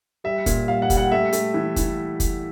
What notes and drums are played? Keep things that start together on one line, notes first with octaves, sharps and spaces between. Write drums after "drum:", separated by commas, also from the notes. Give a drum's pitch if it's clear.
G3 E5
A#2, drum: kick, hi-hat
G3 F5
F#5
G3, drum: kick, hi-hat
F#5
A3 E5
A3, drum: hi-hat
E3
E3, drum: kick, hi-hat
drum: kick, hi-hat